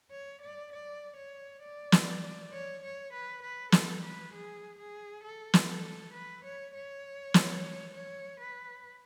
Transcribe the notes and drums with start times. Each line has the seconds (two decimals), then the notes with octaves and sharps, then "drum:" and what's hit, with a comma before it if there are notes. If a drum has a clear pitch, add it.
0.11 C#5
0.41 D5
0.72 D5
1.16 C#5
1.63 D5
1.92 drum: snare
2.52 C#5
2.83 C#5
3.13 B4
3.43 B4
3.72 A4, drum: snare
4.02 B4
4.34 G#4
4.78 G#4
5.23 A4
5.54 drum: snare
5.69 A4
6.13 B4
6.44 C#5
6.74 C#5
7.34 drum: snare
7.94 C#5
8.40 B4